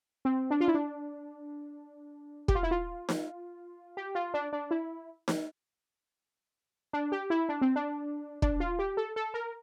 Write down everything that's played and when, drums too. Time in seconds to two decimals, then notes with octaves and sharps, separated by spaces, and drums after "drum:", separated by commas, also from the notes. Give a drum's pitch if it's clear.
0.25 C4
0.51 D4
0.60 F4
0.68 E4
0.75 D4
2.48 G4, drum: kick
2.55 F4
2.63 E4
2.71 F4
3.09 drum: snare D#4
3.97 G4
4.15 F4
4.34 D4
4.53 D4
4.71 E4
5.28 drum: snare D#4
6.93 D4
7.12 G4
7.30 E4
7.49 D4
7.61 C4
7.76 D4
8.42 D4, drum: kick
8.60 F4
8.79 G4
8.97 A4
9.16 A4
9.34 A#4